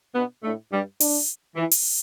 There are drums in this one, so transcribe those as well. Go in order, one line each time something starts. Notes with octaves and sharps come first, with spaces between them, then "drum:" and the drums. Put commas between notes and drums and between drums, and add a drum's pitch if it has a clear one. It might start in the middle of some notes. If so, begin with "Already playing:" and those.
B2 B3 D4
A2 A3 D4
G2 G3 D4
D4, drum: open hi-hat
E3 E4
drum: open hi-hat